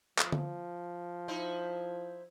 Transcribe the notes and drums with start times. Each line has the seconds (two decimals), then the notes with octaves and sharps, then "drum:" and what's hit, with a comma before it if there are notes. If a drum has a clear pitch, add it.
0.18 F3, drum: clap
0.32 drum: tom D3
1.28 D#4 E4 C5